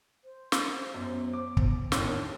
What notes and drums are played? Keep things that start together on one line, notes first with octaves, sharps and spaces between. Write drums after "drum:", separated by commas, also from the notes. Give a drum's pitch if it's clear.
C5
drum: snare
F#2 B3
D6
drum: kick
D#2 A2 D4 A#4, drum: snare